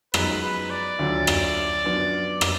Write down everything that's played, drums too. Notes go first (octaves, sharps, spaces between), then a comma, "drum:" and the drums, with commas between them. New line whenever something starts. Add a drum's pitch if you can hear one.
F#2 F3 G#3 B3 D#4 B4, drum: rim click
B4
D5
D2 D3 F#3 D4 F4
drum: rim click
F#2 F3 B3 D4
drum: rim click